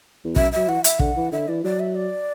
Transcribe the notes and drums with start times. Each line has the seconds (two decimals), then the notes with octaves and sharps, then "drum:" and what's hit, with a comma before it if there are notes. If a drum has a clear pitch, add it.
0.25 E2
0.36 F#2 E5, drum: kick
0.52 F#3 E5
0.68 E3 F#5
0.84 E5, drum: hi-hat
0.99 D3 F#5, drum: kick
1.17 E3
1.32 D3 E5
1.48 E3 D5
1.63 F#3 D5
1.80 E5
1.95 D5